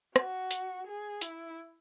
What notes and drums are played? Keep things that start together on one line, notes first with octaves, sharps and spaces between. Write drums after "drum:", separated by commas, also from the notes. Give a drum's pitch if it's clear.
F#4, drum: rim click
drum: hi-hat
G#4
E4, drum: hi-hat